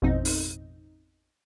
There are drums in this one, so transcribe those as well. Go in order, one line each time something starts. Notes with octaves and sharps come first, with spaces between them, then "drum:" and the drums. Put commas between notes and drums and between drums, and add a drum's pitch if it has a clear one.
A1 F2 B2 C4 D#4
drum: open hi-hat